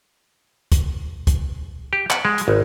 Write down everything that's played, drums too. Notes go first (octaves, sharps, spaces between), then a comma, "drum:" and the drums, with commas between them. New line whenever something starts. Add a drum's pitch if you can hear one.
drum: kick, hi-hat
drum: kick, hi-hat
G4
F#5, drum: clap
G#3
drum: hi-hat
G#1